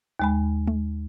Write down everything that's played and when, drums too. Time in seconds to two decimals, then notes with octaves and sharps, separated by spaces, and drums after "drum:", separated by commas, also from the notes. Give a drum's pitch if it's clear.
0.19 D#2 G#3 B5
0.67 drum: tom G#3